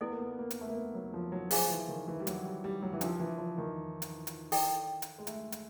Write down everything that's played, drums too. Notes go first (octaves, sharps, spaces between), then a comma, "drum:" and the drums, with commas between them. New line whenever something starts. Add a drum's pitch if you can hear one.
B3 E4 A4 D5
A#3
B3
A#3
drum: hi-hat
A3
A#3
B3
F#3
F3
F#3
F3 G#4 C5 F5 G#5, drum: open hi-hat
E3
D#3
E3
G3
F#3, drum: hi-hat
G3
G3
F#3
E3
F3 D4 G4 A#4, drum: hi-hat
E3
F3
D#3
drum: hi-hat
drum: hi-hat
E4 A4 D5 G5, drum: open hi-hat
drum: hi-hat
G#3
A3, drum: hi-hat
drum: hi-hat